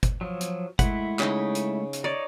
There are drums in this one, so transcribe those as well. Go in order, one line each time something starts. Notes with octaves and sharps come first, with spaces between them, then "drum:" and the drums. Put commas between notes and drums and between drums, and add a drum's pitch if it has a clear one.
drum: kick, hi-hat
F3 F#3
drum: hi-hat
G#3 A3 E4 F#5, drum: kick, hi-hat
C#3 D#4, drum: clap
drum: hi-hat
drum: hi-hat
D#4 C#5 D5